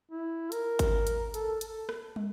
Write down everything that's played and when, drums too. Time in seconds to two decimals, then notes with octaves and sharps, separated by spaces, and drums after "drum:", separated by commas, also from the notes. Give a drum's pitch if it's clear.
0.11 E4
0.52 A#4, drum: hi-hat
0.79 drum: kick G#1, hi-hat
1.07 drum: hi-hat
1.34 A4, drum: hi-hat
1.61 A4, drum: hi-hat
1.89 drum: rim click
2.16 drum: tom